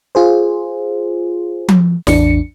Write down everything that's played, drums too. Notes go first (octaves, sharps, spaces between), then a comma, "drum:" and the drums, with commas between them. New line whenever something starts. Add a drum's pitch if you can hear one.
F4 G#4 C5
drum: tom F3
A1 E2 D4 C#7, drum: snare